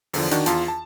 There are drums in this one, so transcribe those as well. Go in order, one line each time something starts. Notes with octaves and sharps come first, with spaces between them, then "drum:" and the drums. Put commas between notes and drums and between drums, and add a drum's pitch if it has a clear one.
E2 D3 F3, drum: open hi-hat
D#3 D4 F#4, drum: hi-hat
E2 F4 A5, drum: hi-hat
A5